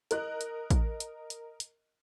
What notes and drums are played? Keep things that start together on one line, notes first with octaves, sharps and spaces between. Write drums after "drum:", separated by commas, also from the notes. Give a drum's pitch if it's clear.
A#4 D#5 F#6, drum: hi-hat
drum: hi-hat
drum: kick A1, hi-hat
drum: hi-hat
drum: hi-hat
drum: hi-hat